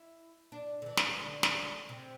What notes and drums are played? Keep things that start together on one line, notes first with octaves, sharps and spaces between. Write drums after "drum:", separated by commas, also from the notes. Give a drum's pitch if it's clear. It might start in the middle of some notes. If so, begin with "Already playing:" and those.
Already playing: E4
D4
D3
E3
drum: snare
D3
drum: snare
C3